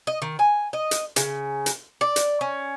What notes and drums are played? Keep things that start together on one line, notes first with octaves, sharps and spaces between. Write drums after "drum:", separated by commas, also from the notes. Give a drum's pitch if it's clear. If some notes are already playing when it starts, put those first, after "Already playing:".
D#5
D#3
G#5
D#5
drum: hi-hat
C#3, drum: hi-hat
drum: hi-hat
D5
drum: hi-hat
C#4